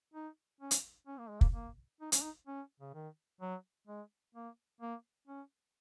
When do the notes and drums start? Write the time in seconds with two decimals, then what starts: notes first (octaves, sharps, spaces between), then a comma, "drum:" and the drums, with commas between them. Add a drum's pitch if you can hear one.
0.14 D#4
0.61 C#4
0.71 drum: hi-hat
1.07 C#4
1.19 A#3
1.30 G#3
1.41 A#3, drum: kick
1.54 A#3
2.01 D#4
2.12 C#4, drum: hi-hat
2.23 D#4
2.47 C#4
2.80 C#3
2.94 D#3
3.41 F#3
3.87 G#3
4.35 A#3
4.81 A#3
5.27 C#4